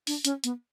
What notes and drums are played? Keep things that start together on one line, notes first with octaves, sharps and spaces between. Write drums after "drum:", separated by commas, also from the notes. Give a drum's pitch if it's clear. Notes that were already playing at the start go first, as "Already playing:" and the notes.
D4, drum: open hi-hat
C#4, drum: hi-hat
B3, drum: hi-hat